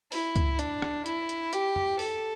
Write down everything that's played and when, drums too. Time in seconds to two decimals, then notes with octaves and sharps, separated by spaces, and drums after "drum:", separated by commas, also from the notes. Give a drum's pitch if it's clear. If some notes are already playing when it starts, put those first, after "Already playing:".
0.12 E4, drum: open hi-hat
0.36 drum: kick C#2, hi-hat
0.59 D4, drum: hi-hat
0.82 drum: rim click
1.06 E4, drum: hi-hat
1.29 drum: hi-hat
1.53 G4, drum: hi-hat
1.76 drum: tom F2
1.99 A4, drum: open hi-hat